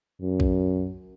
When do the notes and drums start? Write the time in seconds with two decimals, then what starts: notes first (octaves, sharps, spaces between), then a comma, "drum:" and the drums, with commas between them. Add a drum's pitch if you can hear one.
0.21 F#2
0.40 drum: kick A#1